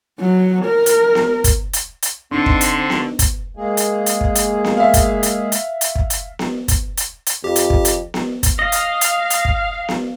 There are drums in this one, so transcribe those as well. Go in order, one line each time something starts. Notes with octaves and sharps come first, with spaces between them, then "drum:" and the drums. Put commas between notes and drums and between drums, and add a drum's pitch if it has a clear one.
F#3
A#4
drum: hi-hat
drum: snare B3
drum: kick, hi-hat
drum: hi-hat
drum: hi-hat
D3 C4 D4 D#4 C6 C#6
drum: kick
drum: hi-hat
drum: snare B3
drum: kick, hi-hat
G#3 A#3 G#4
drum: hi-hat
drum: hi-hat
drum: kick
drum: hi-hat
drum: snare B3
E5 F5
drum: kick, hi-hat
drum: hi-hat
drum: hi-hat
drum: hi-hat
drum: kick
drum: hi-hat
drum: snare B3
drum: kick, hi-hat
drum: hi-hat
drum: hi-hat
F2 G4
drum: hi-hat
drum: kick
drum: hi-hat
drum: snare B3
drum: kick, hi-hat
D#5 F5
drum: hi-hat
drum: hi-hat
drum: hi-hat
drum: kick
drum: snare B3